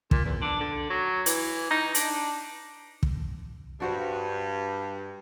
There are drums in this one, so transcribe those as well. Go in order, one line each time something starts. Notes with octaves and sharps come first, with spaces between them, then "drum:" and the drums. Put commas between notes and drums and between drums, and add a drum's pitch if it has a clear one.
A#2, drum: kick
E2
D4
D3
F#3
E3, drum: hi-hat
D#4
D4, drum: hi-hat
drum: kick
G2 D4 F#4 C5